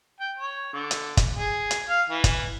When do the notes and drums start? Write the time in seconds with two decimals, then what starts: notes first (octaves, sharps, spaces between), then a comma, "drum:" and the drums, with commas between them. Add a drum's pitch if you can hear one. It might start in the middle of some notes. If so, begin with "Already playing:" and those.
0.20 G5
0.37 C#5
0.73 D3
0.91 drum: hi-hat
1.17 drum: kick G1, hi-hat
1.36 G#4
1.71 drum: hi-hat
1.89 F5
2.10 E3
2.24 drum: kick G1, hi-hat